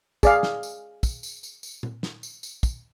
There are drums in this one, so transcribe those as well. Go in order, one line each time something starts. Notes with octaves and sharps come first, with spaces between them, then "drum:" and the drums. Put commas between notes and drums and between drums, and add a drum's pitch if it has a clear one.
G#4 D5 F5, drum: kick, tambourine
drum: snare
drum: tambourine
drum: kick, tambourine
drum: tambourine
drum: tambourine
drum: tambourine
drum: tom A#2
drum: snare
drum: tambourine
drum: tambourine
drum: kick, tambourine